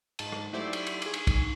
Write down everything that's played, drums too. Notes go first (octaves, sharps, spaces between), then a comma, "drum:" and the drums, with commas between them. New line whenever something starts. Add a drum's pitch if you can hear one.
G#2 A5, drum: cymbal
drum: rim click
F#3 A3 E4 G4 C5 D5
drum: cymbal
drum: cymbal
G#4 D6, drum: cymbal
drum: cymbal
drum: kick, cymbal